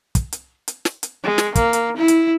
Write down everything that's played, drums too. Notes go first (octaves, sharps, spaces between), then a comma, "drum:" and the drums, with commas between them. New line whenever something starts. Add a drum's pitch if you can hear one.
drum: kick, hi-hat
drum: hi-hat
drum: hi-hat
drum: snare
drum: hi-hat
G#3
drum: snare
A#3, drum: kick, hi-hat
drum: hi-hat
E4
drum: hi-hat